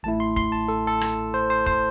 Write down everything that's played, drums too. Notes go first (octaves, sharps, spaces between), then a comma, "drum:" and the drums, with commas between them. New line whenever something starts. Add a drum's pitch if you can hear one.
A1 A2 A3 E4 A5
C6
C6, drum: kick F1
A5
A4
A4
drum: rim click
C5
C5
C5, drum: kick F1